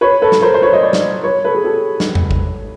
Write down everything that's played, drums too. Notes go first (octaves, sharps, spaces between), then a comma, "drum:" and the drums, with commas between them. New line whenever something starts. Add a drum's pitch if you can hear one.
B4 C#5
A4 B4
drum: snare
A#4 C5
C5
B4 C#5
D#5
C5 D5
drum: snare
B4 C#5
A4 B4
G#4
G4 A4
drum: snare
drum: tom E2
drum: kick